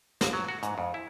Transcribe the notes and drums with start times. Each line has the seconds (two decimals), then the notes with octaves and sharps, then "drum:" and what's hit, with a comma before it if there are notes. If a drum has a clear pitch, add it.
0.21 G1, drum: snare
0.33 F#3
0.48 F#4
0.63 G#2, drum: hi-hat
0.78 F2
0.94 E4